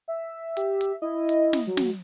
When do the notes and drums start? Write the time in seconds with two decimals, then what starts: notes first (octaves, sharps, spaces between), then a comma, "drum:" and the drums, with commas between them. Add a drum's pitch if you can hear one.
0.08 E5
0.57 G4, drum: hi-hat
0.81 drum: hi-hat
1.02 E4 D#5
1.29 drum: hi-hat
1.53 drum: snare
1.67 F#3
1.77 drum: snare